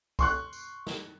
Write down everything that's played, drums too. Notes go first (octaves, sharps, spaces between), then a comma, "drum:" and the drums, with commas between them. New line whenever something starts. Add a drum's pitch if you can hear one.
C6 C#6 F#6, drum: kick C2, tambourine
drum: tambourine
drum: snare